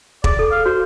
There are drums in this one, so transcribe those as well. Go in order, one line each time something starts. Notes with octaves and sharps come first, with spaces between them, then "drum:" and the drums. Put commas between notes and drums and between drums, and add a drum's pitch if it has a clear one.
G#4 D5, drum: kick E1
A4
F5
F#4 C5